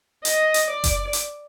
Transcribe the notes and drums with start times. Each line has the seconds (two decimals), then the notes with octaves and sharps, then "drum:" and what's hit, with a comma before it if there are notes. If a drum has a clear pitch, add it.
0.25 D#5, drum: hi-hat
0.54 drum: hi-hat
0.70 D5
0.84 drum: kick F#1, hi-hat
1.13 drum: hi-hat